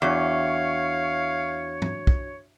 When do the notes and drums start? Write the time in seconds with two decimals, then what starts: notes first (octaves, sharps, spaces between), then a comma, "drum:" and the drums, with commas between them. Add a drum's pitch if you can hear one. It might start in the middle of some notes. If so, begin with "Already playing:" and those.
0.02 E2 D4 F#4 C#5 F5 C#6
1.82 drum: tom
2.07 drum: kick